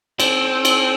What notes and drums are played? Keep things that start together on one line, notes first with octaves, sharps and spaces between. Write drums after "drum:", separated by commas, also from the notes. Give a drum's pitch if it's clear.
C4, drum: cymbal
drum: cymbal